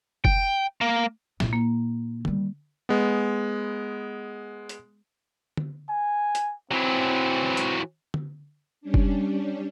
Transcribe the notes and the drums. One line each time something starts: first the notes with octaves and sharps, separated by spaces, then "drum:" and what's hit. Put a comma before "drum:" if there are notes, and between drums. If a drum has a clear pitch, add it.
G5, drum: kick
A#3
A#2 E4, drum: snare
A#3
D#3 G3, drum: tom D3
G#3 B3
drum: hi-hat
drum: tom D3
G#5
drum: hi-hat
E3 F#3 C4
drum: hi-hat
drum: tom D3
G3 C#4 D4
drum: kick